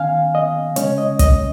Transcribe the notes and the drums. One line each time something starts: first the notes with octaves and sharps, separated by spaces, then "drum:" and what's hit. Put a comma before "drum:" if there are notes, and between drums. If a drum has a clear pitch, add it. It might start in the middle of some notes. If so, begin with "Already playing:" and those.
Already playing: D#3 C#4 F5 G#5
D#5
C#3 G#3 C#4 C#5, drum: hi-hat
D#5
D#5, drum: kick, hi-hat